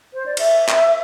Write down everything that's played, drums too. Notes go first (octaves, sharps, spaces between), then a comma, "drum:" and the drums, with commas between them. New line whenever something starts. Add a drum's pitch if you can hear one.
C5
D5
E5, drum: cymbal
drum: clap